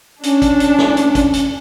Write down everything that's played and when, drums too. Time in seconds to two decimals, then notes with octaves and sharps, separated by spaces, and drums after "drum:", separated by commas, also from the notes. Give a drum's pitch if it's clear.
0.23 C#4 D4, drum: hi-hat
0.42 drum: kick, hi-hat
0.60 drum: hi-hat
0.78 drum: snare
0.97 drum: hi-hat
1.15 drum: kick, hi-hat
1.33 drum: hi-hat